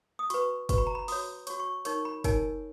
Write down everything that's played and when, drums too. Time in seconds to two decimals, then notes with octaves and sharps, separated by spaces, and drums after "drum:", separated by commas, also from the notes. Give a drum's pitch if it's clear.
0.19 D#6
0.30 F#4 B4 C#6, drum: hi-hat
0.69 F#4 B4 C#6, drum: kick, hi-hat
0.78 B5
0.87 A#5
0.95 B5
1.08 F#4 C#5 D#6, drum: open hi-hat
1.47 F#4 C#5 C#6, drum: hi-hat
1.60 C#6
1.85 D#4 A#4 C#5 C#6, drum: hi-hat
2.05 B5
2.24 D#4 A#4 C#5 G#5, drum: kick, hi-hat